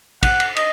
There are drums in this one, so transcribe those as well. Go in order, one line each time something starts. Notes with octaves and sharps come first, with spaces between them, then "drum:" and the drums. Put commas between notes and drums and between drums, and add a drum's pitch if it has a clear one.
F#5, drum: kick, cymbal
drum: cymbal
D#5, drum: cymbal